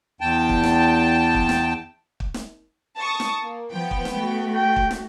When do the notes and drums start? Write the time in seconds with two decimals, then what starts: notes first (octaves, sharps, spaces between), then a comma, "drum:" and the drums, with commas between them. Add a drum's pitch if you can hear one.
0.21 E2 G5 A5
0.49 drum: kick
0.63 drum: snare
1.35 drum: kick
1.49 drum: snare
2.20 drum: kick
2.34 drum: snare
2.97 A5 C#6 D#6
3.20 drum: snare
3.42 A#3
3.72 F3 B3 G5
3.91 drum: kick
4.05 drum: snare
4.15 A3 F#4
4.56 G5
4.76 drum: kick
4.91 drum: snare